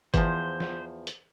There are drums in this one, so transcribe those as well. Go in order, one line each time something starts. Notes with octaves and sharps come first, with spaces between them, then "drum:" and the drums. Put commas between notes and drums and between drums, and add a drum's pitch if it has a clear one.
E2 E3 F3 C5, drum: kick G1, hi-hat
drum: snare
drum: hi-hat